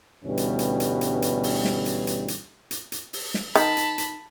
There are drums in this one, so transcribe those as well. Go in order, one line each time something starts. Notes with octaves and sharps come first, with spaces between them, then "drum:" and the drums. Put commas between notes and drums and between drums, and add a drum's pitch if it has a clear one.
D2 G2 B2 E3 G3 C#4
drum: hi-hat
drum: hi-hat
drum: hi-hat
drum: hi-hat
drum: hi-hat
drum: open hi-hat
drum: snare
drum: hi-hat
drum: hi-hat
drum: hi-hat
drum: hi-hat
drum: hi-hat
drum: open hi-hat
drum: snare
D#3 A5 B5, drum: hi-hat
drum: hi-hat
drum: hi-hat